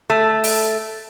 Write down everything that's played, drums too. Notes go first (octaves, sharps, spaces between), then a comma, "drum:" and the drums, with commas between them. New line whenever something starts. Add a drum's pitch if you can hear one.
A3
drum: open hi-hat